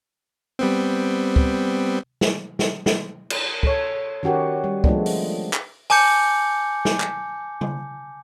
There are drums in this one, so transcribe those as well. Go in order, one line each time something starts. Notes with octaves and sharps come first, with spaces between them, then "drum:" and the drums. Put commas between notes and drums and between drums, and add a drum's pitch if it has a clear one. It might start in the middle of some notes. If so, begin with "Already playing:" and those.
G3 B3 C4
drum: kick
drum: snare
drum: snare
drum: snare
drum: cymbal
A4 C#5, drum: kick
D#3 C#4 F#4 G4 A#4
G3
F3 G#3 A3 B3 D4, drum: kick
drum: open hi-hat
drum: clap
G#5 A5 D6 G6 C#7, drum: open hi-hat
drum: snare
drum: clap
drum: tom C#3